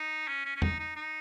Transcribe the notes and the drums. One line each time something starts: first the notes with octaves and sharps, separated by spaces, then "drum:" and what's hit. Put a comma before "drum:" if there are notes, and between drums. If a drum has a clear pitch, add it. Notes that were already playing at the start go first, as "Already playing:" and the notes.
Already playing: D#4
C#4
C#4
C#4
D#4, drum: tom E2
D#4
D#4